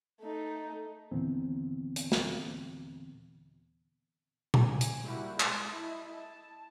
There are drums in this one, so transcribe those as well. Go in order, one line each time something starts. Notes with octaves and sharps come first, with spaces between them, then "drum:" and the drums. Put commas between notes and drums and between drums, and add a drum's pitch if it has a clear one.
A3 D#4
D#2 A#2 D3 E3 B3 C4
drum: hi-hat
drum: snare
drum: tom A#2
G#5
drum: hi-hat
G3 A#3 E4 F#4
G#3 D#5 A5 C6, drum: clap
E4 D#5
A5